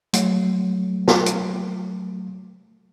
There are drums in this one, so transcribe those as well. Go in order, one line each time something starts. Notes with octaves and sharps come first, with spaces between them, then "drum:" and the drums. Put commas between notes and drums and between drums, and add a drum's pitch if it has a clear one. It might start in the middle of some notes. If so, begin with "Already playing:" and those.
F#3 A3, drum: hi-hat
drum: snare
drum: hi-hat